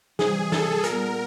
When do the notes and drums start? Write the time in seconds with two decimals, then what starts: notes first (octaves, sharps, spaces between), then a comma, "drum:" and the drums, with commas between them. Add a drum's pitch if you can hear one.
0.19 C3 E3 G3 G#4, drum: snare
0.52 A4, drum: snare
0.84 A#2 G3 B3 A#4, drum: hi-hat